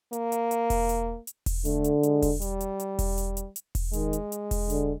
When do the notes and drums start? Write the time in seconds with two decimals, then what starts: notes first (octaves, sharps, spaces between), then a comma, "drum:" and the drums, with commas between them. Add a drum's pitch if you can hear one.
0.13 A#3, drum: hi-hat
0.32 drum: hi-hat
0.51 drum: hi-hat
0.70 drum: kick E1, open hi-hat
0.89 drum: hi-hat
1.27 drum: hi-hat
1.46 drum: kick E1, open hi-hat
1.65 D3 A3, drum: hi-hat
1.84 drum: hi-hat
2.03 G#3, drum: hi-hat
2.22 drum: kick E1, open hi-hat
2.42 G3, drum: hi-hat
2.60 drum: hi-hat
2.80 drum: hi-hat
2.99 drum: kick E1, open hi-hat
3.18 drum: hi-hat
3.37 drum: hi-hat
3.56 drum: hi-hat
3.75 drum: kick E1, open hi-hat
3.93 D#3 G#3, drum: hi-hat
4.13 drum: hi-hat
4.32 drum: hi-hat
4.51 drum: kick E1, open hi-hat
4.70 D3, drum: hi-hat